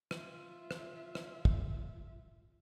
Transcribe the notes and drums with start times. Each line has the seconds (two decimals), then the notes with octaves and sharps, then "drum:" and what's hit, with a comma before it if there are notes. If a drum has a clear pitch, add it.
0.11 F4 E5, drum: rim click
0.71 drum: rim click
1.15 drum: rim click
1.45 drum: kick